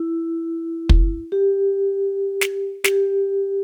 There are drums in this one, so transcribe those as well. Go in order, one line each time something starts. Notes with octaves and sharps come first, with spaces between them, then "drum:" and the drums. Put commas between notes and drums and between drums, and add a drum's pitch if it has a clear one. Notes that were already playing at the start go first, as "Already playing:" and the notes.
Already playing: E4
drum: kick
G4
drum: snare
G4, drum: snare